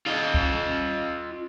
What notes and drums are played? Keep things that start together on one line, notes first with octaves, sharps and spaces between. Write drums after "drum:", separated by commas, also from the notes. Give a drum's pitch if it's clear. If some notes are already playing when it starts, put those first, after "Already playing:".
F4 D#5
drum: kick